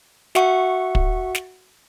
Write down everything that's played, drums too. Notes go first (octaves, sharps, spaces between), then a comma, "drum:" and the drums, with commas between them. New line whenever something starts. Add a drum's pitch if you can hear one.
F#4 E5 F#5 C#6, drum: snare
drum: kick
drum: snare